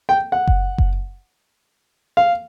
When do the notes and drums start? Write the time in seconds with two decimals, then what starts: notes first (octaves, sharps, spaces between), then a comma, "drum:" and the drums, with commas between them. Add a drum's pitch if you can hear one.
0.09 G5
0.32 F#5
0.47 drum: kick F#1
0.78 drum: kick F#1
2.17 F5